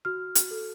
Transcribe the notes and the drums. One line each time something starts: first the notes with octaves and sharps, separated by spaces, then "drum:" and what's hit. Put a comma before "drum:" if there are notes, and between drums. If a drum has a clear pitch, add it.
F#4 F6
drum: hi-hat
A4